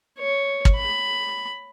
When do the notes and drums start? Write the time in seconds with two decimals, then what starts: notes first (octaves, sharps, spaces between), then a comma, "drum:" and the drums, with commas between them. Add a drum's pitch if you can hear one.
0.19 C#5
0.65 drum: kick
0.75 B5